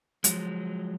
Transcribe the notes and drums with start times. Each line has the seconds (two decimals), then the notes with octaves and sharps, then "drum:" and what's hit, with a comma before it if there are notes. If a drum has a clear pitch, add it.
0.24 F3 F#3 G#3, drum: hi-hat